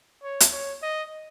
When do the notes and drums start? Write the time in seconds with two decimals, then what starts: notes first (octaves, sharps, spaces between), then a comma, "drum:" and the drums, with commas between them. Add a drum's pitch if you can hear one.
0.23 C#5
0.40 drum: hi-hat
0.53 C#5
0.82 D#5